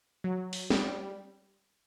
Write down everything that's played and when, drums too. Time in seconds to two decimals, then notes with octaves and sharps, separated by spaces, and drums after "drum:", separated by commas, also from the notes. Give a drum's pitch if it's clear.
0.24 F#3
0.53 drum: open hi-hat
0.70 G3, drum: snare